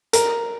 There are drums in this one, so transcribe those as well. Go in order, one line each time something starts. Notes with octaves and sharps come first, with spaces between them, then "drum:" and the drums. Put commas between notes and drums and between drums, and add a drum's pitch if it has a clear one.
A#4, drum: hi-hat